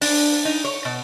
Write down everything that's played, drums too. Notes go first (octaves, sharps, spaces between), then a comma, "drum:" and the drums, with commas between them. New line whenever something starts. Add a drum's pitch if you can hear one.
D4, drum: open hi-hat
D#4
C#5
B2